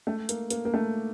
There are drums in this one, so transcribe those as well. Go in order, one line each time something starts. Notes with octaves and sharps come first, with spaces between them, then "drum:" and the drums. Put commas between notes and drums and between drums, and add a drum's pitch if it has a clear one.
A3
A#3, drum: hi-hat
A#3, drum: hi-hat
A#3
A3